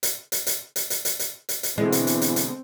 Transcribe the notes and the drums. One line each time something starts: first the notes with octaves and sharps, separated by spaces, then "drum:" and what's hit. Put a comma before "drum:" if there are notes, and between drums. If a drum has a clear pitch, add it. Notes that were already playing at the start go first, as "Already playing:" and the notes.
drum: hi-hat
drum: hi-hat
drum: hi-hat
drum: hi-hat
drum: hi-hat
drum: hi-hat
drum: hi-hat
drum: hi-hat
drum: hi-hat
B2 D3 E3 G#3 C4
drum: hi-hat
drum: hi-hat
drum: hi-hat
drum: hi-hat